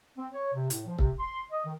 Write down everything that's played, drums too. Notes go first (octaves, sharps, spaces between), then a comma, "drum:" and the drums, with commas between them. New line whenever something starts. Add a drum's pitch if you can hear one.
C4
C#5
C3
A2, drum: hi-hat
F3
C3, drum: kick
C6
D#5
D#3